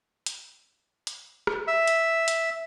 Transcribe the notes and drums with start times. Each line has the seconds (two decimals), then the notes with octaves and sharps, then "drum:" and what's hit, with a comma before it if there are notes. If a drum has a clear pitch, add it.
0.26 drum: hi-hat
1.07 drum: hi-hat
1.47 drum: rim click
1.67 E5
1.88 drum: hi-hat
2.28 drum: hi-hat